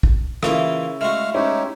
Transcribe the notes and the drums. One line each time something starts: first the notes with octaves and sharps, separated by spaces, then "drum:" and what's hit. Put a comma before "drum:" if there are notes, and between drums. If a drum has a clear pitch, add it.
drum: kick
C#3 E3 A#3 E4 F4, drum: rim click
G#3 A3 F#4 F5 F6
G#3 C#4 D#4 E4 G4